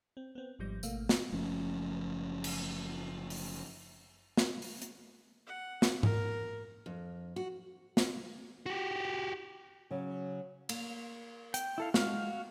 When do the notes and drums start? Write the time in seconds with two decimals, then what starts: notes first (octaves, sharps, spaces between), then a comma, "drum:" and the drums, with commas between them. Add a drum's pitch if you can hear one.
0.17 C4
0.35 B3 C4
0.59 G#1 G#2 F3 G3 G6 A#6
0.83 G#1 B2 A3 A#3 F5, drum: tambourine
1.09 drum: snare
1.32 F#1 F3 A3 C#4
2.44 drum: cymbal
3.30 drum: open hi-hat
4.37 drum: snare
4.62 drum: open hi-hat
4.82 drum: hi-hat
5.47 F#5
5.82 drum: snare
6.03 A#4, drum: tom G#2
6.86 F2
7.36 F#4
7.97 drum: snare
8.66 F#4 G4
9.91 C#3 F#3
10.69 A#3, drum: cymbal
11.54 G5, drum: hi-hat
11.78 E4 A4 F5
11.94 G#3 F#4 F5 F6, drum: snare